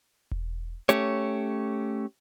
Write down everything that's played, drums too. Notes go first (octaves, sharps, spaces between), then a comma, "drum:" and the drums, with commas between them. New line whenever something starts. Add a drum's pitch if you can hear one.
drum: kick E1
A3 C#4 G4 C#5, drum: hi-hat